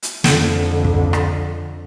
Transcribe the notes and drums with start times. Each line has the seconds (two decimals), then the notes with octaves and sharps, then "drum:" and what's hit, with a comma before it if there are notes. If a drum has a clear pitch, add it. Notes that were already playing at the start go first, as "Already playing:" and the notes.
0.03 drum: hi-hat
0.24 F2 D3, drum: snare
0.85 drum: kick
1.13 drum: rim click